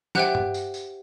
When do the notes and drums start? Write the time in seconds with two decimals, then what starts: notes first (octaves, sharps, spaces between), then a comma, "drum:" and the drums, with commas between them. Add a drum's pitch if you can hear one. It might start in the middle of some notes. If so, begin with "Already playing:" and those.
0.15 G4 C5 E5 F#5 G5 F#6, drum: snare
0.35 drum: tom G2
0.54 drum: tambourine
0.74 drum: tambourine